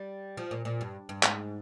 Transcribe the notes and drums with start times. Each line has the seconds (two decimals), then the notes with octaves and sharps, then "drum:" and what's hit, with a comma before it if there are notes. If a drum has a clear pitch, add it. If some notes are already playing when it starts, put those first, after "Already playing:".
Already playing: G3
0.37 F3
0.51 A#2
0.65 A#2
0.81 G2
1.09 G2
1.23 G#2, drum: clap